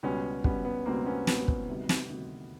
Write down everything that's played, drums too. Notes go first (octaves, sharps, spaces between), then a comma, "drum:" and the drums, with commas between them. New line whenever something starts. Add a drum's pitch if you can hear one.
C#2 B2 G3 B3 C#4
C#2 B2 G3 B3 C#4, drum: kick
B3
C#2 B2 G3 A#3 C4
B3 C#4
C#2 B2 G3 B3, drum: snare
drum: kick
D2 C3 D#3 G3
drum: snare
D2 C3 D#3 G3